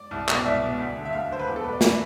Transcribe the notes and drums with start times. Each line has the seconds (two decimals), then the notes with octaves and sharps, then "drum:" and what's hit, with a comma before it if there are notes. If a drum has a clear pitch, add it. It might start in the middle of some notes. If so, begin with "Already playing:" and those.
Already playing: D5
0.11 C2
0.29 B2, drum: clap
0.35 D5
0.45 C2 E5
0.62 B2
0.79 D2
0.97 D3
1.05 E5
1.13 D2 F5
1.31 D3 C5
1.39 B4
1.48 E2
1.56 A4
1.64 B2 B4
1.73 D5
1.81 E5, drum: snare